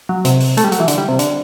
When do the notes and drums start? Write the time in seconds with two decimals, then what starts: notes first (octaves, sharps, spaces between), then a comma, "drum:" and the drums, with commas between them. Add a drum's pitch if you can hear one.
0.09 F#3
0.25 C3, drum: hi-hat
0.40 drum: open hi-hat
0.57 A3, drum: hi-hat
0.64 G3
0.72 F#3, drum: hi-hat
0.80 E3
0.88 D3, drum: hi-hat
0.98 G3
1.09 C3
1.19 D3, drum: hi-hat